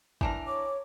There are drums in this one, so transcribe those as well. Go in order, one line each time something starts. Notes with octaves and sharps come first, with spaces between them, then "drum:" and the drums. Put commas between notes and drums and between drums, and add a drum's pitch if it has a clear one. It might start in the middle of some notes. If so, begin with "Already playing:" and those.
E3 D4 A#4, drum: kick
C#5 D6